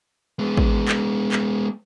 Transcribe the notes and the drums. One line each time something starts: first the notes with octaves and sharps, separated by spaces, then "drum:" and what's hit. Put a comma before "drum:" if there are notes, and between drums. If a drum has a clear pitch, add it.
G#3 B3
drum: kick
drum: clap
drum: clap